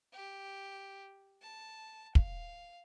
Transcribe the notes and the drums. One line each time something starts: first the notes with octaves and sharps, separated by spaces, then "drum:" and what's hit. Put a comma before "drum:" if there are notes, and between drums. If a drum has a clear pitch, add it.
G4
A5
F5, drum: kick